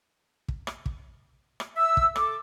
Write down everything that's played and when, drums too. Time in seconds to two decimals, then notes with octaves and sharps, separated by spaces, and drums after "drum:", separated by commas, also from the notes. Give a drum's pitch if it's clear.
0.48 drum: kick
0.67 drum: rim click
0.86 drum: kick
1.60 drum: rim click
1.76 E5 E6
1.97 drum: kick
2.16 A4 D6, drum: rim click